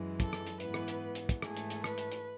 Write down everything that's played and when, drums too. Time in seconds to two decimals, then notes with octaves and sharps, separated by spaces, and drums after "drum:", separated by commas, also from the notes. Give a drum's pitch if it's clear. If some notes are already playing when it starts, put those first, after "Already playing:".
Already playing: F#2 E3 G#3
0.20 A4, drum: kick, hi-hat
0.33 drum: rim click
0.47 drum: hi-hat
0.60 G#2 E3 B3 B4, drum: hi-hat
0.74 drum: rim click
0.88 drum: hi-hat
1.15 drum: hi-hat
1.29 drum: kick, hi-hat
1.42 G#2 E3 A3 G#4, drum: rim click
1.57 drum: hi-hat
1.70 drum: hi-hat
1.84 B4, drum: rim click
1.98 drum: hi-hat
2.12 drum: hi-hat